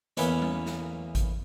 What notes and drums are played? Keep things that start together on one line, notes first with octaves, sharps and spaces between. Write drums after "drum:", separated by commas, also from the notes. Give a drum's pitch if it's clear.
A1 E2 A#3 B3 C#4 B4, drum: hi-hat
drum: tom G3
drum: snare
drum: kick G#1, hi-hat